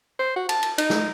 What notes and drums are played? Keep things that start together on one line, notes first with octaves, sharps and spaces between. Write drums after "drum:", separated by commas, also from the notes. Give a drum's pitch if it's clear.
C5
F#4
A5, drum: cymbal
drum: cymbal
D#4, drum: cymbal
drum: snare